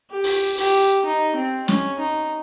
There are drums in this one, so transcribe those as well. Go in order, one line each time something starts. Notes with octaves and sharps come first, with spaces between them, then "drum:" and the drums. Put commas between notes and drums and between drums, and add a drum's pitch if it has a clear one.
G4
drum: open hi-hat
G4, drum: open hi-hat
D#4
C4
C#4, drum: snare
D#4